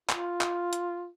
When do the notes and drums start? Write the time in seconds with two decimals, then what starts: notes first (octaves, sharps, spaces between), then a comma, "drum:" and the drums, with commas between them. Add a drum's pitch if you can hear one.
0.09 F4, drum: clap
0.41 drum: clap
0.73 drum: hi-hat